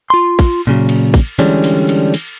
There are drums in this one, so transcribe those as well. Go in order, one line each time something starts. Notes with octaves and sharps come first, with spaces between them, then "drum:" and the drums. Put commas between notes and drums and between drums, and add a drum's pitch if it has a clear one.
F4 C6
drum: kick, cymbal
A#2 C#3 F#3
drum: cymbal
drum: kick, cymbal
D3 E3 G3 G#3 C#4 D4, drum: cymbal
drum: cymbal
drum: cymbal
drum: cymbal